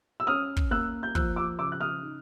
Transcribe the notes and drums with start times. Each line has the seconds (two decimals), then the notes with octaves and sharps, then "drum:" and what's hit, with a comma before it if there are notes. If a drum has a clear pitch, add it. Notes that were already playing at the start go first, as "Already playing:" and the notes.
0.20 E6
0.27 C#4 D#6 F6
0.57 drum: kick
0.71 A#3 E6 F#6
1.03 G6
1.15 F3 E6 F#6, drum: kick
1.36 D6 E6
1.59 C#3 D6 E6
1.72 F#6
1.81 D#6 F6
2.03 D#4